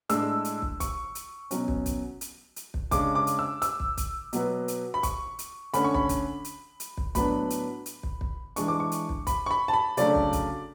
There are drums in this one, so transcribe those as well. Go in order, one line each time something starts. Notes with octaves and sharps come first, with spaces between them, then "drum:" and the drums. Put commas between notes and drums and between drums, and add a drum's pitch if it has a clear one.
A2 G#3 D4 E6, drum: hi-hat
drum: hi-hat
drum: kick
C#6, drum: kick, hi-hat
drum: hi-hat
B2 F#3 C#4, drum: hi-hat
drum: kick
drum: kick, hi-hat
drum: hi-hat
drum: hi-hat
drum: kick
C#3 G#3 D4 D6, drum: kick, hi-hat
D6
drum: hi-hat
E6
E6, drum: hi-hat
drum: kick
drum: kick, hi-hat
B2 F#3 B3, drum: hi-hat
drum: hi-hat
B5
C#6, drum: kick, hi-hat
drum: hi-hat
D3 A3 C#4 B5, drum: hi-hat
C#6
B5, drum: kick
drum: kick, hi-hat
drum: hi-hat
drum: hi-hat
drum: kick
A2 F#3 B3 D4 B5, drum: kick, hi-hat
drum: hi-hat
drum: hi-hat
drum: kick
drum: kick
E3 G#3 D4 C#6, drum: hi-hat
D6
C#6
drum: hi-hat
drum: kick
B5, drum: kick, hi-hat
C#6
B5
A5
B5
C#3 F#3 A3 D4 D5, drum: hi-hat
drum: kick
drum: kick, hi-hat